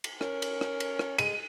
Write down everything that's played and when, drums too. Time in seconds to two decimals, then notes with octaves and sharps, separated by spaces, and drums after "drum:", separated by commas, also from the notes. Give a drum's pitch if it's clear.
0.04 drum: cymbal
0.21 C#4 A#4, drum: rim click
0.42 drum: cymbal
0.61 drum: rim click
0.80 drum: cymbal
0.99 drum: rim click
1.18 G#3 D#7, drum: cymbal